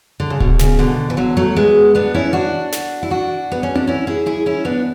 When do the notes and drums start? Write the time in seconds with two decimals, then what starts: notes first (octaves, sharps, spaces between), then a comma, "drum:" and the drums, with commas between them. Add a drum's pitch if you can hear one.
0.20 D3
0.30 C#3
0.40 B2, drum: kick D1
0.59 C#3, drum: snare
0.79 B2 D3
1.10 E3
1.17 D3 F#3
1.37 F#3 A3
1.56 G#3 B3
1.95 B3 D4
2.14 C#4 E4
2.33 D4 F#4
2.72 drum: snare
3.03 E4
3.10 D4 F#4
3.52 B3
3.63 C#4
3.75 D4, drum: tom C4
3.87 C#4 E4
4.07 E4 G#4
4.26 E4 G#4
4.46 C#4 E4
4.65 B3 D4